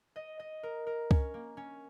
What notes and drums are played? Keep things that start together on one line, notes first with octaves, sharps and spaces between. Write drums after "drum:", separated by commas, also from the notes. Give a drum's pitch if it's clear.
D#5
D#5
A#4
A#4
C#4, drum: kick C#2
A#3
C#4